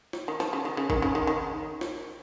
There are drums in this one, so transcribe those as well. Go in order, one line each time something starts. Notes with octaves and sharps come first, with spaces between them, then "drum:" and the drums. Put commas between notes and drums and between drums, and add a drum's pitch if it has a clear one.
drum: snare
D#3
F3, drum: snare
C#3
D#3
C#3
D#3, drum: kick
C#3
D#3
D#3
drum: snare